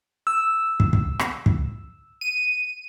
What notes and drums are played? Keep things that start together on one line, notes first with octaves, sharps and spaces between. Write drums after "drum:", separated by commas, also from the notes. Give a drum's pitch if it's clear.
E6
drum: kick
drum: kick
drum: rim click
drum: kick
D#7